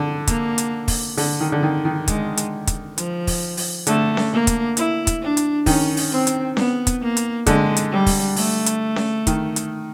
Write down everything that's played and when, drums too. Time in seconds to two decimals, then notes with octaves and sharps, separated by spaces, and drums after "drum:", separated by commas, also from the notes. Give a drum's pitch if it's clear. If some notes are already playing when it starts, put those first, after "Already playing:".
Already playing: D3
0.27 A#3, drum: kick, hi-hat
0.58 drum: hi-hat
0.88 drum: kick, open hi-hat
1.17 D3, drum: open hi-hat
1.40 D#3
1.52 D3
1.63 D#3
1.85 D#3
2.08 G#3, drum: kick, hi-hat
2.37 drum: hi-hat
2.67 drum: kick, hi-hat
2.98 F3, drum: hi-hat
3.27 drum: kick, open hi-hat
3.57 drum: open hi-hat
3.87 D3 A3, drum: hi-hat
4.17 drum: snare C#4
4.32 A#3
4.47 drum: kick, hi-hat
4.77 E4, drum: hi-hat
5.07 drum: kick, hi-hat
5.22 D4
5.37 drum: hi-hat
5.66 D#3 C#4, drum: kick, open hi-hat
5.97 drum: open hi-hat
6.11 C4
6.27 drum: hi-hat
6.57 B3, drum: snare C#4
6.87 drum: kick, hi-hat
7.01 A#3
7.17 drum: hi-hat
7.46 D3 G#3, drum: kick, hi-hat
7.76 drum: hi-hat
7.91 G3
8.06 drum: kick, open hi-hat
8.36 A3, drum: open hi-hat
8.66 drum: hi-hat
8.96 drum: snare C#4
9.27 D#3, drum: kick, hi-hat
9.56 drum: hi-hat